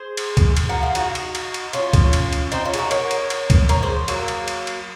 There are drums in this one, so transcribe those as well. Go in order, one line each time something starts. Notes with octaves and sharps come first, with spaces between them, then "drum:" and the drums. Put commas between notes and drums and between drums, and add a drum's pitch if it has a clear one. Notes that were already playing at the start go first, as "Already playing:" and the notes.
Already playing: G#4 C5
drum: cymbal
drum: kick C#2, cymbal
drum: cymbal
F#4 A#4
F4 G#4
D#4 F#4, drum: cymbal
drum: cymbal
drum: cymbal
drum: cymbal
C#4 F4, drum: cymbal
drum: kick C#2, cymbal
drum: cymbal
drum: cymbal
C4 D#4, drum: cymbal
C#4 F4
G#4, drum: cymbal
D#4 F#4
A#4 C#5, drum: cymbal
drum: cymbal
drum: cymbal
drum: kick C#2, cymbal
A#4 C#5, drum: cymbal
G#4 C5
F#3 A#3, drum: cymbal
drum: cymbal
drum: cymbal
drum: cymbal